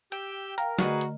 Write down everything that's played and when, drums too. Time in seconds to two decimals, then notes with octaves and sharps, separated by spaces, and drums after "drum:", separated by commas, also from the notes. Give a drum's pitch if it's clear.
0.12 G4 G5 E6 G6, drum: hi-hat
0.58 A#4 F5 G5, drum: hi-hat
0.79 D3 A3 F#4 G#4 B4 D#5, drum: snare
1.01 drum: hi-hat